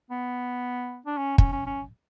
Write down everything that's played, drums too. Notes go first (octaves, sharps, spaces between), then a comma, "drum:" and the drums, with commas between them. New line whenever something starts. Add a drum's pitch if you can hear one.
B3
D4
C#4
C#4, drum: kick
C#4
C#4